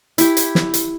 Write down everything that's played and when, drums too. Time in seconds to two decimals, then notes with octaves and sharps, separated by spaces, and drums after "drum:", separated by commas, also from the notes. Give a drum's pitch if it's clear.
0.18 E4 G4, drum: hi-hat
0.37 drum: hi-hat
0.55 drum: snare
0.74 drum: hi-hat